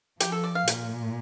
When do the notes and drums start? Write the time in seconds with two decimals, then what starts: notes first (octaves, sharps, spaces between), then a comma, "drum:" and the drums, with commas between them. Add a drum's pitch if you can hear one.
0.20 F3 G4, drum: hi-hat
0.32 A4
0.44 D5
0.55 F5
0.67 A#2, drum: hi-hat